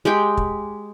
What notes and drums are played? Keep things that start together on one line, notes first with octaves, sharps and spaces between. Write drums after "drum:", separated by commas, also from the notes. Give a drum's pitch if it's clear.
G#3 G4 G5
drum: kick